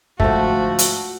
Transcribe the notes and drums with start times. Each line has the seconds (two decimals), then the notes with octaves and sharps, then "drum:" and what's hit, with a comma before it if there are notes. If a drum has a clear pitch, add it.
0.20 D2 G#2 F3 A3 F#4, drum: kick
0.79 drum: hi-hat